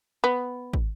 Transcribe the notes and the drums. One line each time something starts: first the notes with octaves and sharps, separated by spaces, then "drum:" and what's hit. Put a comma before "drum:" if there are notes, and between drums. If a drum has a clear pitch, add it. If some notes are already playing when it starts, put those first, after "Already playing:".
B3
drum: kick